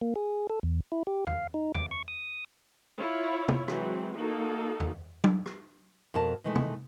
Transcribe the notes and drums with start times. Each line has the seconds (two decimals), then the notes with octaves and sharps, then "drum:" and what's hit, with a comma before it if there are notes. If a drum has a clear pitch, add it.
0.01 A#3
0.16 G#4
0.50 A4
0.63 E2
0.92 E4
1.07 G4
1.27 F5, drum: tom E2
1.54 D#4
1.75 D6, drum: tom E2
1.91 C#6
2.08 D#6
2.98 E4 F4 C#5
3.48 drum: tom
3.68 E3 F#3 G#3 C4, drum: rim click
4.16 A#3 D#4 F#4 A4
4.80 drum: tom E2
5.24 drum: tom F#3
5.46 drum: rim click
6.14 F2 B2 A#4 A5
6.44 B2 D#3 E3 G#3 A3
6.55 drum: tom